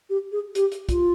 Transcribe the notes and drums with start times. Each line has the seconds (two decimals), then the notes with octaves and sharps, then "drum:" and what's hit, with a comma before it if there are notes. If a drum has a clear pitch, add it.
0.10 G4
0.32 G#4
0.55 G4, drum: hi-hat
0.72 drum: hi-hat
0.89 F4, drum: kick, hi-hat